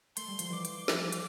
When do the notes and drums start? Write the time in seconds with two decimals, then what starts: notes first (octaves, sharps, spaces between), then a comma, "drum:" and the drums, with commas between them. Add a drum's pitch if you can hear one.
0.17 A3 C6, drum: hi-hat
0.28 G3
0.39 F3, drum: hi-hat
0.50 E3 G3 D6
0.65 drum: hi-hat
0.88 F3 A3, drum: snare
1.12 drum: hi-hat